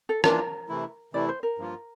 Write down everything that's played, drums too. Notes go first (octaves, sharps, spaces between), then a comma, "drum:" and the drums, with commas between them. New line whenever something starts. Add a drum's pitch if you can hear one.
A4
E3 A#3 D4 F4 A#4, drum: rim click
C3 E3 A3 E4
C3 E3 A3 E4 D5
C5
A#4
G2 F3 A#3 F4